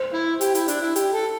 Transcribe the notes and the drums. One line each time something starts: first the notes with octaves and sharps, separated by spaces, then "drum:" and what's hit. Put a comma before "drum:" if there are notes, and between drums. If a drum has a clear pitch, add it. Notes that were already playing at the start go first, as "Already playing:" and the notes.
Already playing: C5
E4
G4, drum: hi-hat
E4, drum: hi-hat
D4, drum: hi-hat
E4
G4, drum: hi-hat
A4